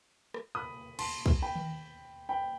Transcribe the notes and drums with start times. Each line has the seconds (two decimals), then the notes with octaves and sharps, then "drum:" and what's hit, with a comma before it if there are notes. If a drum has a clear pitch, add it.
0.34 drum: rim click
0.55 B5 D#6
0.99 A5 C6, drum: cymbal
1.26 drum: kick
1.42 G5 B5
1.56 drum: tom D#3
2.29 G5 B5